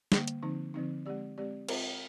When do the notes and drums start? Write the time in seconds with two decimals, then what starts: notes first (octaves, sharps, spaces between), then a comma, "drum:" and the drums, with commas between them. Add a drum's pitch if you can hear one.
0.12 D3 G3 A#3, drum: snare
0.28 drum: hi-hat
0.43 D3 F3 C4 D#4
0.74 D3 F3 C4 D#4
1.06 G#3 C4 G4 D5
1.38 G#3 C4 G4 D5
1.69 C4 F4 C5, drum: cymbal